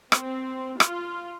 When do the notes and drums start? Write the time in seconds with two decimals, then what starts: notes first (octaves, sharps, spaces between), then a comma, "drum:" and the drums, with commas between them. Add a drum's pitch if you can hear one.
0.12 C4, drum: rim click
0.80 F4, drum: rim click